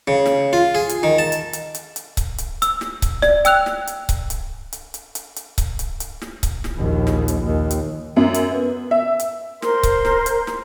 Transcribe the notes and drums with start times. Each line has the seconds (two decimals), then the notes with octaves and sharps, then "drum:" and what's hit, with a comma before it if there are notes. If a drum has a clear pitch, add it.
0.08 C#3
0.26 drum: snare
0.53 F4
0.75 G#4
0.89 drum: hi-hat
1.03 D#3
1.19 A5
1.32 drum: hi-hat
1.53 drum: hi-hat
1.75 drum: hi-hat
1.96 drum: hi-hat
2.17 drum: kick C#1, hi-hat
2.38 drum: hi-hat
2.62 E6, drum: hi-hat
2.81 drum: snare
3.02 drum: kick C#1, hi-hat
3.22 D5, drum: snare
3.45 G5 E6 F#6 F7, drum: hi-hat
3.66 drum: snare
3.87 drum: hi-hat
4.09 drum: kick C#1, hi-hat
4.30 drum: hi-hat
4.73 drum: hi-hat
4.94 drum: hi-hat
5.15 drum: hi-hat
5.36 drum: hi-hat
5.58 drum: kick C#1, hi-hat
5.79 drum: hi-hat
6.00 drum: hi-hat
6.22 drum: snare
6.43 drum: kick C#1, hi-hat
6.64 drum: snare
6.76 A#1 D#2
7.07 drum: snare
7.28 drum: hi-hat
7.44 D#2
7.71 drum: hi-hat
8.16 F#2
8.34 drum: hi-hat
8.51 B3
8.91 E5
9.20 drum: hi-hat
9.62 A#4 C5 C6, drum: snare
9.83 drum: kick C#1, hi-hat
10.05 drum: snare
10.26 drum: hi-hat
10.47 drum: snare